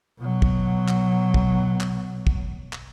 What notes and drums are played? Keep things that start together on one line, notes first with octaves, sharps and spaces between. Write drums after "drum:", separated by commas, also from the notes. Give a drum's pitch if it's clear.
B2 F#3
drum: kick
drum: clap
drum: kick
drum: clap
drum: kick
drum: clap